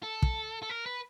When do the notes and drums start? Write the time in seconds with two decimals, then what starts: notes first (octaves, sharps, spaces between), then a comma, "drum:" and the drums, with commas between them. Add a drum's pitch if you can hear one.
0.03 A4
0.22 drum: kick
0.62 A4
0.70 A#4
0.86 B4